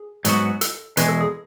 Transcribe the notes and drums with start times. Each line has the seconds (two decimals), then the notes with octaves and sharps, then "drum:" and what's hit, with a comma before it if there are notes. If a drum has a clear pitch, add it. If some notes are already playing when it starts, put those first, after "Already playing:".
Already playing: G#4
0.25 G#2 F#3 B3 F#4, drum: hi-hat
0.61 A4, drum: hi-hat
0.97 E2 B2 G#3 B4, drum: hi-hat
1.09 A4
1.21 G#4